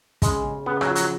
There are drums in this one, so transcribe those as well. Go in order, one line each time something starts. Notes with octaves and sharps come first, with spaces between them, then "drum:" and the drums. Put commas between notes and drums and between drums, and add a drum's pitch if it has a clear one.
C#3 G#3, drum: kick, hi-hat
C#3
C#3 B3
F#3, drum: rim click
F3
F#3, drum: hi-hat